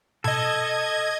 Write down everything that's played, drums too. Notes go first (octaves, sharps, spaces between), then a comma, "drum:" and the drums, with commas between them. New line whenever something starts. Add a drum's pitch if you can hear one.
A4 D#5 G#6, drum: tom B2